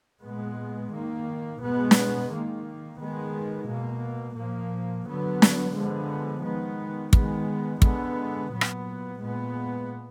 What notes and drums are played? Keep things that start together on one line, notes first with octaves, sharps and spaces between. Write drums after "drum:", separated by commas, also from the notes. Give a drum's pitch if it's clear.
A#2 G#3 B3
D#3 A#3
B2 G#3 B3
drum: snare
D#3 A#3
D#3 G#3 B3
B2 A#3
A#2 F3 A#3
D3 F#3 B3
drum: snare
D3 F3 G#3 B3
D#3 G#3 B3
D#3 G#3 B3, drum: kick
D3 G#3 B3, drum: kick
A#2 F#3 B3
drum: rim click
A#2 G#3 B3